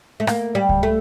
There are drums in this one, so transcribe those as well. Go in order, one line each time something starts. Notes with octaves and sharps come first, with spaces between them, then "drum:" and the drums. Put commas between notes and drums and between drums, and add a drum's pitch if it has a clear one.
A3
A#3, drum: rim click
G3
drum: kick C#2
A3